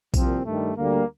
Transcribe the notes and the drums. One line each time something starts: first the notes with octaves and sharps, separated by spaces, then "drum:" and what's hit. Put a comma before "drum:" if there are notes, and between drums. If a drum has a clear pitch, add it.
C2 A#2 F3 C4, drum: kick A#1, tambourine
G2 D#3 G3 A3
D2 D3 G3 A#3